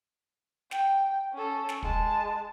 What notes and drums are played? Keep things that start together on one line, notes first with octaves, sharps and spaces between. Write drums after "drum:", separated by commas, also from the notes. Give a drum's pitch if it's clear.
G5, drum: snare
C#4 A4
drum: snare
G#3 A5, drum: kick